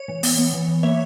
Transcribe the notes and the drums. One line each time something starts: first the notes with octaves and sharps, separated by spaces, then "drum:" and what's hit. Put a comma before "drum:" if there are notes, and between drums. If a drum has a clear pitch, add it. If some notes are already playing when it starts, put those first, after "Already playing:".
Already playing: C#5
E3
B3, drum: open hi-hat
B3
E3
E3
A#3 C#5 E5